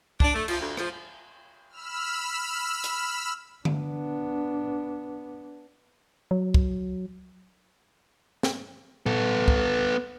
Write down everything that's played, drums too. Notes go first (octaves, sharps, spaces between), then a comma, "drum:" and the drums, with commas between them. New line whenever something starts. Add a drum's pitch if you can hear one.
D4, drum: kick
A3
F3, drum: cymbal
D2
F3, drum: rim click
B5 E6 F6
drum: hi-hat
B3 D4, drum: tom D3
F#3
drum: kick
drum: snare
B3 A4, drum: tom A#2
drum: kick